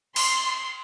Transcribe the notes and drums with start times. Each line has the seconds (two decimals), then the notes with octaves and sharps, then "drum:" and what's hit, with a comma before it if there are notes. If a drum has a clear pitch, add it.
0.16 C6, drum: cymbal